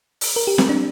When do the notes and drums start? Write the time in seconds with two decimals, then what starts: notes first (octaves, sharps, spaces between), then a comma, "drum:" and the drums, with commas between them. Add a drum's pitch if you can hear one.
0.21 drum: open hi-hat
0.36 A#4
0.47 G4
0.58 C4, drum: snare
0.69 D4